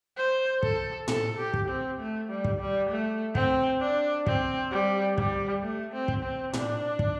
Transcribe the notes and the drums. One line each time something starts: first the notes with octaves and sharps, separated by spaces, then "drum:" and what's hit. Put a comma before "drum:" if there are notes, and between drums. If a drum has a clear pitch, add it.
C5
A4, drum: kick
A4, drum: tom A2
G4
drum: kick
C4
A3
G3
drum: kick
G3
A3
C4, drum: kick
D4
C4, drum: kick
G3
G3, drum: kick
A3
C4
drum: kick
C4
D4, drum: tom A2
drum: kick